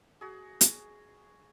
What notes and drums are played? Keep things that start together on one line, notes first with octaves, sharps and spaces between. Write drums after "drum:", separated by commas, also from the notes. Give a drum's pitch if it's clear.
F#4 G#4
drum: hi-hat